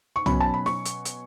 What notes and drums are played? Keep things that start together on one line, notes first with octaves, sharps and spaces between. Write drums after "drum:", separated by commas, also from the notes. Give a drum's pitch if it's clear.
C#6
B2 F#3 C#4 B5, drum: tom
A5
B5
C#6, drum: snare
drum: hi-hat
drum: hi-hat